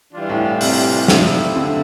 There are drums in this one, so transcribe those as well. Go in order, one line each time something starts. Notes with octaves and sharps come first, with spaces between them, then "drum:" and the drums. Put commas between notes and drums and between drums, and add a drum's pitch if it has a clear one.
E3 G3 D4 F4
A2
C3, drum: open hi-hat
C3 F3 A3 E4, drum: snare
D3